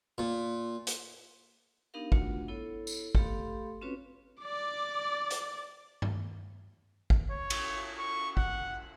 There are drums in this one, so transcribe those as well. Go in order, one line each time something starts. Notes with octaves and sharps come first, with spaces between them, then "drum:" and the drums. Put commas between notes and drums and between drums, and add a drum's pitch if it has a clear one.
A#2
drum: hi-hat
B3 D4 D#4 G4 A#4 F5
A3 D4 F4 F#4 F#5, drum: kick G#1
B3 E4 A4 C#5
drum: tambourine
A3 G4 A4 F5 B5 C6, drum: kick G#1
C4 C#4 F4 F#4 B4 C#5
D5 D6
drum: hi-hat
drum: tom G2
drum: kick G#1
C#5
drum: cymbal
C#6
F#5, drum: kick G#1